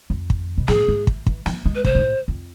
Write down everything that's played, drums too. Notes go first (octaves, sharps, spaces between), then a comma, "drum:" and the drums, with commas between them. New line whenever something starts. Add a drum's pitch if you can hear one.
F2
drum: kick
B2
A2 G#4, drum: snare
G#2
drum: kick
E3, drum: kick
F3, drum: snare
G#3
B4
C3 C5, drum: kick
G#2
A2
F2